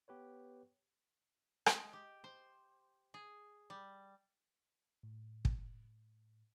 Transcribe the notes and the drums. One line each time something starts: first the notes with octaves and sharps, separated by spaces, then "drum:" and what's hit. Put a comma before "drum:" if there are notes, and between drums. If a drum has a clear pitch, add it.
B3 G4 B4 C#5
G#3, drum: rim click
G4
C5
G#4
G3
A2
drum: kick